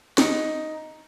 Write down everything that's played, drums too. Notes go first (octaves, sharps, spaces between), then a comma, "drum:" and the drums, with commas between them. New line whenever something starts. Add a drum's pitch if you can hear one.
D#4, drum: snare